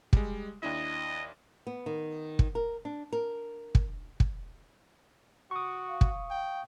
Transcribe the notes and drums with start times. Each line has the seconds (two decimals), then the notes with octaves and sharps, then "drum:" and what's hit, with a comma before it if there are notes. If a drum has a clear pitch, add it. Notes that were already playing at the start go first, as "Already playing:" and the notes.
0.13 G3 G#3, drum: kick
0.63 D#2 D4 E4 D#5
1.67 B3
1.86 D#3
2.39 drum: kick
2.55 A#4
2.85 D4
3.13 A#4
3.75 drum: kick
4.20 drum: kick
5.51 F#4 C#6 D#6
5.89 F5
6.01 drum: kick
6.30 G5